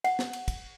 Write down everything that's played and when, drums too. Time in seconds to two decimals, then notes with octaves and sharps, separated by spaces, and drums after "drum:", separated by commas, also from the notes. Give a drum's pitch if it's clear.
0.04 F#5, drum: cymbal
0.19 drum: snare
0.33 drum: cymbal
0.48 drum: kick, cymbal